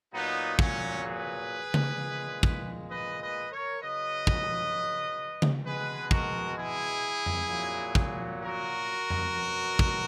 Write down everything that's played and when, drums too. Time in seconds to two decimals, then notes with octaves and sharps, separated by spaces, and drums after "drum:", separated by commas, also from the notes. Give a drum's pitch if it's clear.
0.13 A#2 F#3 B3 D#4
0.59 C#4, drum: kick
1.05 G#4 B4
1.74 drum: tom C#3
1.97 A#2 G#3
2.43 drum: kick
2.89 B4 D#5
3.20 B4 D#5
3.51 A#4 C#5
3.80 C#3 F#3 B4 D#5
4.27 drum: kick
5.42 drum: tom C#3
5.65 B2 G#3 G#4 B4
6.11 F#4 A#4, drum: kick
6.57 E4 G#4
7.26 drum: tom F2
7.49 A#2 F#3
7.95 drum: kick
8.41 F#4 A#4
9.10 drum: tom F2
9.34 B2 F#3
9.79 drum: kick